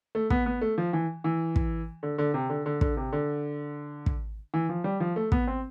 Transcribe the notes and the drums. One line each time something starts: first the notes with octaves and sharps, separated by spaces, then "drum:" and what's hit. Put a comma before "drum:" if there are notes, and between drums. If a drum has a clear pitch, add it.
A3
B3, drum: kick
B3
A3
F3
E3
E3
drum: kick
D3
D3
C3
D3
D3
D3, drum: kick
C3
D3
drum: kick
E3
F3
G3
F3
A3
B3, drum: kick
C4